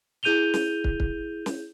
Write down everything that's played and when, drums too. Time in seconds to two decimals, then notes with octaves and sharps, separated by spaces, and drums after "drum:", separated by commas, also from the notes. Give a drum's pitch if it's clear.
0.23 E4 G#4 G6 D#7 F7 G7
0.54 drum: snare
0.84 drum: kick
1.00 drum: kick
1.46 drum: snare